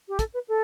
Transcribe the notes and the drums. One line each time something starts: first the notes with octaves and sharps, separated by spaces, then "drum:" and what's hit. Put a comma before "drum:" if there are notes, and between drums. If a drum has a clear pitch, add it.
G4
A4, drum: kick, hi-hat
B4
A4